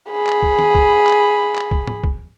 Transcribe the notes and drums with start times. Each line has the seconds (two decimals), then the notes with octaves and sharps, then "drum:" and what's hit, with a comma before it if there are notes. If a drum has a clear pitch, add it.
0.10 G#4 B5
0.26 drum: clap
0.43 drum: kick
0.59 drum: tom D#3
0.75 drum: kick
1.07 drum: clap
1.55 drum: clap
1.71 drum: kick
1.87 drum: tom
2.04 drum: kick